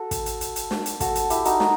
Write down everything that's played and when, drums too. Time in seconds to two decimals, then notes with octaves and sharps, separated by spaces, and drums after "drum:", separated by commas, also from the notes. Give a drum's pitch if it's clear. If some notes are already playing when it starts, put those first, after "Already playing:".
Already playing: F#4 A4
0.11 drum: kick, hi-hat
0.26 drum: hi-hat
0.41 drum: hi-hat
0.56 drum: hi-hat
0.71 drum: snare
0.86 drum: hi-hat
1.00 F#4 A4, drum: kick, hi-hat
1.15 drum: hi-hat
1.30 E4 G4, drum: hi-hat
1.45 D#4 F#4, drum: hi-hat
1.60 D#4 F#4, drum: snare